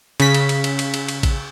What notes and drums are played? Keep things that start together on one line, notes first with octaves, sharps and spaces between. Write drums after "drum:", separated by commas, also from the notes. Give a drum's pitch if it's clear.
C#3 B6, drum: cymbal
drum: cymbal
drum: cymbal
drum: cymbal
drum: cymbal
drum: cymbal
drum: cymbal
drum: kick A1, cymbal